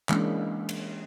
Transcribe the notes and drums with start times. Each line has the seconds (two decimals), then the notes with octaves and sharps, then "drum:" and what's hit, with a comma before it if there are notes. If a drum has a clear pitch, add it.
0.09 E3 G#3 A#3 C#4 D4, drum: clap
0.69 drum: cymbal